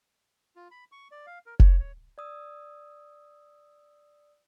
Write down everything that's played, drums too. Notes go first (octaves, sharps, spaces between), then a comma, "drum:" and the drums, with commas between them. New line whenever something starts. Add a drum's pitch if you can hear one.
F4
B5
C#6
D5
F5
A#4
C#5, drum: kick F1
C#5
D5 D#6 E6